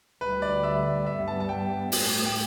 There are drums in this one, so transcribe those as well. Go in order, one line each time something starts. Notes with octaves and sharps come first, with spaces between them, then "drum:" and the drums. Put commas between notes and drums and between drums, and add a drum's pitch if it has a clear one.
D2 D3 G3 B4
D5
E5
G2 G3 B3 E5
A5
A5
G5
A2 A3, drum: open hi-hat
G5